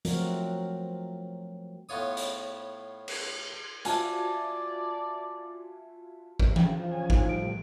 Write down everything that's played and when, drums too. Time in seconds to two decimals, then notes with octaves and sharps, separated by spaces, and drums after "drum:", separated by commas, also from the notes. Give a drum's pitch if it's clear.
0.05 F3 F#3 A3 C4 F#4 A#4, drum: hi-hat
1.89 A2 B3 F4 C#5 D#6
2.17 drum: hi-hat
3.08 drum: cymbal
3.85 F4 F#4 D5 E5 G#5 A5, drum: hi-hat
6.40 drum: kick
6.56 drum: tom E3
6.79 F3
6.92 C#4 G#5
7.10 D#4, drum: kick
7.29 A2 G3 D7